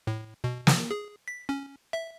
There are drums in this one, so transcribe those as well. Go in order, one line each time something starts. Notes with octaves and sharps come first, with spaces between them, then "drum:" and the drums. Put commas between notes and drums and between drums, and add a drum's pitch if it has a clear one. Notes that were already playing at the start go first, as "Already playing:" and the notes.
A2
B2
F3, drum: snare
G#4
B6
C#4
E5